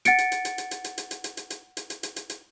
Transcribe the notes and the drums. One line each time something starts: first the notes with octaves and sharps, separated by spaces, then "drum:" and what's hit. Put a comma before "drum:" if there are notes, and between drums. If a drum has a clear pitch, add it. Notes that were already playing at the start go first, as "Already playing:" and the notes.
F#5 A6 C#7 D7, drum: hi-hat
drum: hi-hat
drum: hi-hat
drum: hi-hat
drum: hi-hat
drum: hi-hat
drum: hi-hat
drum: hi-hat
drum: hi-hat
drum: hi-hat
drum: hi-hat
drum: hi-hat
drum: hi-hat
drum: hi-hat
drum: hi-hat
drum: hi-hat
drum: hi-hat